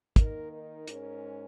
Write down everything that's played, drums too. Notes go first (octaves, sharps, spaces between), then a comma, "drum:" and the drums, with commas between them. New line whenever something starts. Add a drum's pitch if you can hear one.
D#3 A#3 D#4 A#4, drum: kick, hi-hat
A#4
G#2 G#3 C#4, drum: hi-hat